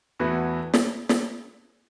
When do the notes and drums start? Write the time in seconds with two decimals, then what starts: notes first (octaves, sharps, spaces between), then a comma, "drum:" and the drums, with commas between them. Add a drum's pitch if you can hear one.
0.20 E2 E3 A3 F#4 B4
0.74 drum: snare
1.09 drum: snare